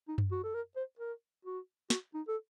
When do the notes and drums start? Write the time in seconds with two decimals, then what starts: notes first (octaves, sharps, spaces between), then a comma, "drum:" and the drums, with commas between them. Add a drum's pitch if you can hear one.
0.08 D#4
0.18 drum: tom F#2
0.32 F#4
0.44 A4
0.54 A#4
0.76 C5
0.99 A#4
1.45 F#4
1.90 F#4, drum: snare
2.14 D#4
2.28 A4